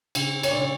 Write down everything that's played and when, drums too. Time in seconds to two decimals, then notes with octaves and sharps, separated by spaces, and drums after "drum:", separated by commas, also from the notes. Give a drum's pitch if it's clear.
0.15 C#3, drum: cymbal
0.43 C#5, drum: cymbal
0.51 D5
0.58 C#3 C#5